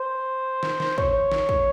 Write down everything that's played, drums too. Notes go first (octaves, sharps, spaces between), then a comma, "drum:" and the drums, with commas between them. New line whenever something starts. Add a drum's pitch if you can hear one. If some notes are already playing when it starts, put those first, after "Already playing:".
Already playing: C5
drum: snare
drum: snare
C#5, drum: kick
drum: snare
drum: kick